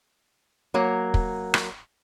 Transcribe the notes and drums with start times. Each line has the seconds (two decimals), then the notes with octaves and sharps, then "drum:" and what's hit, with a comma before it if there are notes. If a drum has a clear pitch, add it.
0.74 F#3 A#3
1.14 drum: kick
1.54 drum: rim click